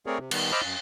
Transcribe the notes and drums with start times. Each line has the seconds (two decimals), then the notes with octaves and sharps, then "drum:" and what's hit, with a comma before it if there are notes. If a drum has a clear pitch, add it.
0.06 A3 C4 G#4 A#4 C#5 D5
0.19 C3
0.31 D#3 G3 B3, drum: cymbal
0.52 C5 D#5 B5 D6 E6 F6
0.64 F#2